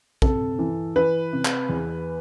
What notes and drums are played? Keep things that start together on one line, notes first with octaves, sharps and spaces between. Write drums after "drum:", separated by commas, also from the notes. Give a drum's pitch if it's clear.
C3 A4, drum: kick
E3
E3 B4
C3
drum: clap
E2